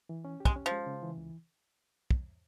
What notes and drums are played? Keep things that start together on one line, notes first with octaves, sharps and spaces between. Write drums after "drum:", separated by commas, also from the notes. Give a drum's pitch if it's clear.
E3
C#4
G4
G#3, drum: kick
C#4
F3
G#3
C#3
E3
C#2
drum: kick